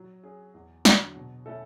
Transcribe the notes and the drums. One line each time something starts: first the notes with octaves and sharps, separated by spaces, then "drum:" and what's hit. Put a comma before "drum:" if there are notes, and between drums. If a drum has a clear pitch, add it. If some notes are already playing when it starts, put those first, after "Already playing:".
Already playing: F#3
C#4 G#4
E2
D3 F#3, drum: snare
B2
A3 C#4 E4 A4